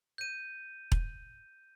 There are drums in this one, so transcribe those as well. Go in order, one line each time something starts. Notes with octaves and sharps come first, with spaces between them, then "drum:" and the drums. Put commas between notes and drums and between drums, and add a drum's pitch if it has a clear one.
G6 D#7
drum: kick E1